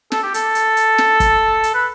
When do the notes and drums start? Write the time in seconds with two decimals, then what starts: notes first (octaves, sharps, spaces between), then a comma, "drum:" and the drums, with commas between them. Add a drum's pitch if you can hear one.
0.12 A4, drum: snare
0.23 G4
0.34 A4, drum: hi-hat
0.55 drum: hi-hat
0.77 drum: hi-hat
0.98 drum: snare
1.20 drum: kick, hi-hat
1.63 drum: hi-hat
1.74 B4